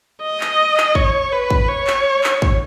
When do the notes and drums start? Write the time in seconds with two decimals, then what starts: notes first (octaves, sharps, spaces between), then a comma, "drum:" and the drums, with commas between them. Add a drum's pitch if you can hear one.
0.23 D#5
0.41 drum: clap
0.77 drum: clap
0.95 C#5, drum: kick
1.32 B4
1.50 drum: kick
1.69 C#5
1.87 drum: clap
2.24 drum: clap
2.42 drum: kick